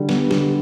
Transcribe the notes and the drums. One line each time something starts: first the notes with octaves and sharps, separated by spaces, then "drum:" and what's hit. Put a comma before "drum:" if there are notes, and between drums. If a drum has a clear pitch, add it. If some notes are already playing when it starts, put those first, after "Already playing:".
Already playing: D3 G3
B3, drum: snare
D3, drum: snare